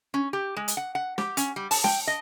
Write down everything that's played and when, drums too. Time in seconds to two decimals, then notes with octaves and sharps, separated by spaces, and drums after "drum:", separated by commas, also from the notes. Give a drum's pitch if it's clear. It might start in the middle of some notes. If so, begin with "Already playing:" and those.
0.14 C#4
0.33 G4
0.56 G#3
0.68 drum: hi-hat
0.77 F#5
0.95 F#5
1.18 G4, drum: snare
1.37 C#4, drum: hi-hat
1.56 G3
1.71 A5, drum: open hi-hat
1.84 G5, drum: snare
2.07 D#5